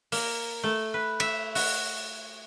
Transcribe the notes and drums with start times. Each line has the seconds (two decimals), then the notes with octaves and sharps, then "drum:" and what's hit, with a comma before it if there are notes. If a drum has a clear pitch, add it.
0.12 A#3, drum: open hi-hat
0.64 A3
0.94 B4
1.20 E5, drum: cymbal
1.55 F#4, drum: open hi-hat